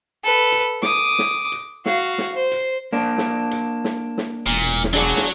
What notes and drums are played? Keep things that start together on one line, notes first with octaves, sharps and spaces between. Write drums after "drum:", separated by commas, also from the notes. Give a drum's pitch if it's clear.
A4 B4
drum: hi-hat
D6 D#6, drum: snare
drum: snare
drum: hi-hat
F#4 F5, drum: snare
drum: snare
C5
drum: hi-hat
A#3 D4
drum: snare
drum: hi-hat
drum: snare
drum: snare
E1 A#2
drum: snare
F#3 D4 F#4 G#4 D5
drum: snare